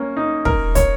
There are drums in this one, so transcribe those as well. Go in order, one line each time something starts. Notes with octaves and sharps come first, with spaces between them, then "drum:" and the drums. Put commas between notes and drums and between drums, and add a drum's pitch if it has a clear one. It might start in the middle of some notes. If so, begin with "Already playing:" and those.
Already playing: A#3 C#4
D#4
A#4, drum: kick
C#5, drum: kick, hi-hat